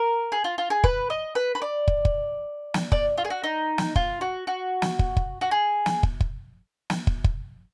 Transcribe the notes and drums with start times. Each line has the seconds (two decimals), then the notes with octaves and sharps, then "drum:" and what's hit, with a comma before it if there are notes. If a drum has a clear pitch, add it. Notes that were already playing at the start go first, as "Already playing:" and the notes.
Already playing: A#4
0.32 G#4
0.44 F4
0.58 F4
0.70 G#4
0.84 B4, drum: kick
1.10 D#5
1.35 B4
1.55 B4
1.62 D5
1.88 drum: kick
2.05 drum: kick
2.74 drum: snare
2.92 D5, drum: kick
3.18 F4
3.25 G#4
3.30 F#4
3.44 D#4
3.78 drum: snare
3.96 F4, drum: kick
4.21 F#4
4.47 F#4
4.82 drum: snare
4.99 drum: kick
5.17 drum: kick
5.41 F#4
5.51 G#4
5.86 drum: snare
6.03 drum: kick
6.20 drum: kick
6.90 drum: snare
7.07 drum: kick
7.24 drum: kick